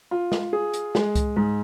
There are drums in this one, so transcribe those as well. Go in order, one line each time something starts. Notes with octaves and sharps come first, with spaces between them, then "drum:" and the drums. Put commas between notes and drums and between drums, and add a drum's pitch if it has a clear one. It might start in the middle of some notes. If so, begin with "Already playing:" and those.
F4
drum: snare
G#4
drum: hi-hat
G#3, drum: snare
drum: kick C2, hi-hat
G#2